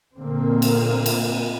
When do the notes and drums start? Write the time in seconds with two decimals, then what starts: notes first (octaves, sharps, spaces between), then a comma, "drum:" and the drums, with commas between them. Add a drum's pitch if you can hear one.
0.18 A#2 D3 A#3 C4
0.62 drum: cymbal
1.06 drum: cymbal